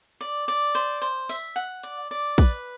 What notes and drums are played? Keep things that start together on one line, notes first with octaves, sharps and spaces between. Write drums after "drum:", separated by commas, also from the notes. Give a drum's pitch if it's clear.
D5
D5
C5, drum: hi-hat
C5
E5, drum: open hi-hat
F#5
D5, drum: hi-hat
D5
B4, drum: kick, open hi-hat